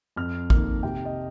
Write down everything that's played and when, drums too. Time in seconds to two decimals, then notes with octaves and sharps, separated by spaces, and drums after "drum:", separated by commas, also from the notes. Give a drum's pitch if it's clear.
0.16 F2 F6
0.50 D#3 A#3 F6, drum: kick A1
0.83 C3 G5
1.05 D#5